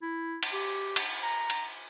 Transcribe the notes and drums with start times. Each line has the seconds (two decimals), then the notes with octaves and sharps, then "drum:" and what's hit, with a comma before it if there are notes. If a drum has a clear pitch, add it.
0.02 E4
0.43 drum: cymbal
0.53 G4
0.96 drum: cymbal
1.23 A#5
1.50 drum: cymbal